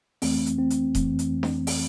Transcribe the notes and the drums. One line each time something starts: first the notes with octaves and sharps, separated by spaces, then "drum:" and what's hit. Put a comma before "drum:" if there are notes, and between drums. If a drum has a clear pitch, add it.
F2 E3 A3 C4, drum: open hi-hat
drum: hi-hat
C4
drum: hi-hat
F2 E3 A3, drum: kick D#1, hi-hat
drum: hi-hat
drum: snare D4
drum: open hi-hat